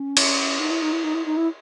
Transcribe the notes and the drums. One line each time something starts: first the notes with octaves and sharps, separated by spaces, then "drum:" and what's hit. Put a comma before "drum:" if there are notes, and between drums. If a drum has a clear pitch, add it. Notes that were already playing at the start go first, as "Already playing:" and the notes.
Already playing: C#4
drum: cymbal
D#4
E4
D#4
E4
D#4
E4
D#4
E4